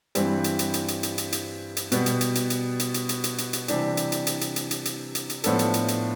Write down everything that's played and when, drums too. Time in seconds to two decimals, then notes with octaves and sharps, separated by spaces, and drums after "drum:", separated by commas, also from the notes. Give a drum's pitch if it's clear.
0.15 G2 E3 G3 C4, drum: hi-hat
0.44 drum: hi-hat
0.59 drum: hi-hat
0.74 drum: hi-hat
0.88 drum: hi-hat
1.03 drum: hi-hat
1.18 drum: hi-hat
1.32 drum: hi-hat
1.77 drum: hi-hat
1.92 B2 G3 B3, drum: hi-hat
2.06 drum: hi-hat
2.21 drum: hi-hat
2.35 drum: hi-hat
2.50 drum: hi-hat
2.80 drum: hi-hat
2.94 drum: hi-hat
3.09 drum: hi-hat
3.24 drum: hi-hat
3.38 drum: hi-hat
3.53 drum: hi-hat
3.68 C3 E3 G3 D4 G4, drum: hi-hat
3.97 drum: hi-hat
4.12 drum: hi-hat
4.27 drum: hi-hat
4.41 drum: hi-hat
4.56 drum: hi-hat
4.71 drum: hi-hat
4.85 drum: hi-hat
5.15 drum: hi-hat
5.30 drum: hi-hat
5.44 A2 F3 B3 D4 A4, drum: hi-hat
5.59 drum: hi-hat
5.74 drum: hi-hat
5.88 drum: hi-hat